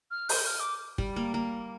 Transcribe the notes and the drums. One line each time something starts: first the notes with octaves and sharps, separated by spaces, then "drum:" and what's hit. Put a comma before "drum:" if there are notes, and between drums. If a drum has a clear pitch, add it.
F6
G6, drum: open hi-hat
F6
D6
G3, drum: kick
A#3
A#3